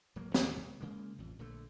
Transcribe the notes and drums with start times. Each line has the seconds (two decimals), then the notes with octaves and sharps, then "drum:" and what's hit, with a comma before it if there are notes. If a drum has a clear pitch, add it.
0.16 D1 F#3 A#3
0.34 D#2 A2 A3, drum: snare
0.57 C#2
0.80 C#3 G#3 A#3
1.18 A1 F2
1.39 A#1 D3 A3